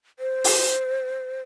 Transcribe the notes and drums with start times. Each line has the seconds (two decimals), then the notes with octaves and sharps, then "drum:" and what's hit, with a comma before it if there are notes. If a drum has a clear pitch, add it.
0.19 C5
0.44 drum: open hi-hat